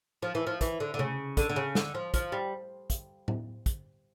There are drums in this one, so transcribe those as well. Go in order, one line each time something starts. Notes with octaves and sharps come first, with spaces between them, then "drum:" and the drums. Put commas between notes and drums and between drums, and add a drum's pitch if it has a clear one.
F3
E3
F3
E3, drum: kick, hi-hat
D3
D3
C#3, drum: tom C3
D3, drum: kick, hi-hat
D3
C#3
D3, drum: snare
F3
F3, drum: kick, hi-hat
G3
drum: kick, hi-hat
drum: tom A2
drum: kick, hi-hat